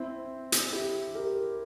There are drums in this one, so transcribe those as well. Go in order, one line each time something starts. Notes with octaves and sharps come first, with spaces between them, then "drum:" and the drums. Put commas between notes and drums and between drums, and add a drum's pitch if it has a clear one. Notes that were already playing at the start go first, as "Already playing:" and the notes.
Already playing: C4 E4
drum: hi-hat
E4 G4
G4 A#4